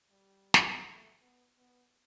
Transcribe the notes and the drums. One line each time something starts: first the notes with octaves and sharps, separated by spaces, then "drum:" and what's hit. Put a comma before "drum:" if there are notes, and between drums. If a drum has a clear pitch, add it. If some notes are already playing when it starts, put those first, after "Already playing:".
G3
drum: snare
A3
B3
B3